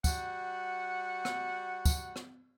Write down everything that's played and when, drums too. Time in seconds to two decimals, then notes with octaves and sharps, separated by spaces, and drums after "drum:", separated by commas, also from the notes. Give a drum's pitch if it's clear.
0.04 G3 F#4 F#5, drum: kick, tambourine
1.25 drum: rim click
1.85 drum: kick, tambourine
2.16 drum: rim click